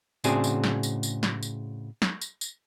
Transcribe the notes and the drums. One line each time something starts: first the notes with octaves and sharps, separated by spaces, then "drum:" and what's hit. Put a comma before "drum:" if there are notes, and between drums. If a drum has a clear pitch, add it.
A2 C#3 C4 D4 F#4 G#4, drum: tambourine
drum: tambourine
drum: snare
drum: tambourine
drum: tambourine
drum: snare
drum: tambourine
drum: snare
drum: tambourine
drum: tambourine